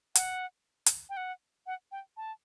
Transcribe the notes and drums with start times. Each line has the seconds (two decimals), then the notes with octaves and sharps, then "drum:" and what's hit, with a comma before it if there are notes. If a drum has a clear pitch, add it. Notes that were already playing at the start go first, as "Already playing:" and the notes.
0.15 F#5, drum: hi-hat
0.86 drum: hi-hat
1.10 G5
1.17 F#5
1.66 F#5
1.92 G5
2.17 A5